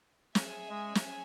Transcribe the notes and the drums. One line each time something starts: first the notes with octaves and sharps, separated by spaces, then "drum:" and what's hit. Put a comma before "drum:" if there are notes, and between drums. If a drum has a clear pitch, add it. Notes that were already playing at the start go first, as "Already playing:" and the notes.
C#4 G#4 E5 G#5, drum: snare
G#3
drum: snare